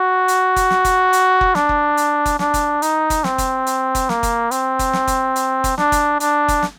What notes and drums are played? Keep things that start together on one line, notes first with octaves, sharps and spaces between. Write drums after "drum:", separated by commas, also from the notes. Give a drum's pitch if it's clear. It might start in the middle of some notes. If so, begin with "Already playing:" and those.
Already playing: F#4
drum: hi-hat
drum: kick F#1, hi-hat
drum: snare
drum: kick F#1, hi-hat
drum: hi-hat
drum: kick F#1
D4, drum: snare
drum: kick F#1
drum: hi-hat
drum: kick F#1, hi-hat
D4, drum: snare
drum: kick F#1, hi-hat
D#4, drum: hi-hat
drum: kick F#1, hi-hat
C4, drum: snare
drum: kick F#1, hi-hat
drum: hi-hat
drum: kick F#1, hi-hat
A#3, drum: snare
drum: kick F#1, hi-hat
C4, drum: hi-hat
drum: kick F#1, hi-hat
drum: snare
drum: kick F#1, hi-hat
drum: hi-hat
drum: kick F#1, hi-hat
D4, drum: snare
drum: kick F#1, hi-hat
D4, drum: hi-hat
drum: kick F#1, hi-hat
drum: snare